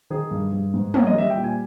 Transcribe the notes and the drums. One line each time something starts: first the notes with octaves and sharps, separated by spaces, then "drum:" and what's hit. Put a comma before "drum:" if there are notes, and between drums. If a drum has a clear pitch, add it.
D#3 G#4
G2
G2
G#2
A#3 C#5, drum: tom
D#5
G3 E5
G5
A#2
G#5